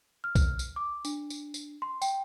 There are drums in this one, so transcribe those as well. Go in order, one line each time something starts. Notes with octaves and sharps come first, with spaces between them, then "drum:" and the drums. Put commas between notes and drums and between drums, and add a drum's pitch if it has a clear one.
F6
drum: kick B1, tambourine
drum: tambourine
D6
D4, drum: tambourine
drum: tambourine
drum: tambourine
C6
G5, drum: tambourine